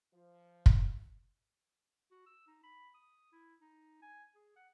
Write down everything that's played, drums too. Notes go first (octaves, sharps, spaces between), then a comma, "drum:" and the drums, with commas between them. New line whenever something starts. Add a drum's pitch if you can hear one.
F3
drum: kick
F#4
E6
D#4
B5
D#6
E4
D#4
G#5
G#4
F#5